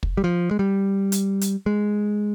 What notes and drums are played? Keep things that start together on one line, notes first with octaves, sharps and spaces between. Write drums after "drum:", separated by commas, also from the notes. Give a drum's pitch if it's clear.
drum: kick
G3
F3
G#3
G3
drum: hi-hat
drum: hi-hat
G#3